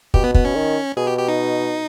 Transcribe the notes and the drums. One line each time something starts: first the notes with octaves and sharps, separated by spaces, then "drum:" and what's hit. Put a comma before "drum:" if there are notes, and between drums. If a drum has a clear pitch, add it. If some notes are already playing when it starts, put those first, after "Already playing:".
B2 G4, drum: kick
B3
B3, drum: kick
C#4
D#3
B2 G#4
G4
G4
D#4